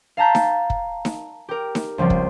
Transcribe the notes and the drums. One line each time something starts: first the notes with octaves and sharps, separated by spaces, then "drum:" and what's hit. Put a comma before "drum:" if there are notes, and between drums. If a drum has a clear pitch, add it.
F5 A5 A#5 G6 B6
drum: snare D#4
drum: kick
drum: snare D#4
G4 A#4
drum: snare D#4
C#2 F3 G3 C4
drum: kick